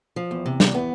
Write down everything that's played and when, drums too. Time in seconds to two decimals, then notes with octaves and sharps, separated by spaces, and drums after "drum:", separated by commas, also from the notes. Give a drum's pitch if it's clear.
0.16 F3
0.31 E2
0.46 C3
0.60 E2, drum: snare
0.74 B3